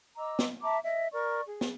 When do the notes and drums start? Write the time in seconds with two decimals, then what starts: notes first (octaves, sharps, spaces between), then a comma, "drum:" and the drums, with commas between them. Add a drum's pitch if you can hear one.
0.17 D#5 A#5 D6 E6
0.39 drum: snare
0.62 E5 A5 A#5 D6
0.83 D#5 E5
1.12 A#4 D5 C#6
1.45 G#4
1.61 drum: snare